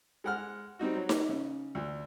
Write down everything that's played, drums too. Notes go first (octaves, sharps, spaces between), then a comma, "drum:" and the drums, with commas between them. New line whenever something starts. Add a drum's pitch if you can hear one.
G#3 F#5 F6
G3 C4 D#4 F#4
F#3
drum: snare D#4
C#3
D2